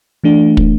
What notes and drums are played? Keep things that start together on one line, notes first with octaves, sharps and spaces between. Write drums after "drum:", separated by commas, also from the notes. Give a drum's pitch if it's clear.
E3 A3 D4
drum: kick